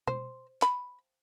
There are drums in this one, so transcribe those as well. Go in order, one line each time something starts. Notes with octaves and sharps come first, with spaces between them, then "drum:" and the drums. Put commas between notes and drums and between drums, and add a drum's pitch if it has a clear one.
C5, drum: tom B2
B5, drum: clap